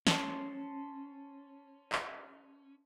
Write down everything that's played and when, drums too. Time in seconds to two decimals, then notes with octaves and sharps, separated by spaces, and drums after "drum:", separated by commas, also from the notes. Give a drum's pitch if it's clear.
0.07 C#4 A5 C6, drum: snare
1.92 drum: clap